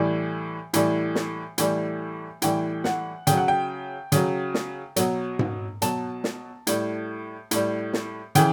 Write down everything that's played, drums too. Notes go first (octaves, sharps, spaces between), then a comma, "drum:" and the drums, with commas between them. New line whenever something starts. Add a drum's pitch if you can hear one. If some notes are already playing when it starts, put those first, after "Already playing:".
Already playing: A2 E3 G3
A2 E3 G3, drum: hi-hat
drum: snare
A2 E3 G3, drum: hi-hat
A2 E3 G3 G5, drum: hi-hat
F#5, drum: snare
C#3 F#3 G5, drum: hi-hat
F#5
G5
C#3 F#3, drum: hi-hat
drum: snare
B2 F#3, drum: hi-hat
drum: tom G#2
B2 F#3 A5, drum: hi-hat
drum: snare
A2 G3, drum: hi-hat
A2 G3, drum: hi-hat
drum: snare
C#3 E3 G5, drum: hi-hat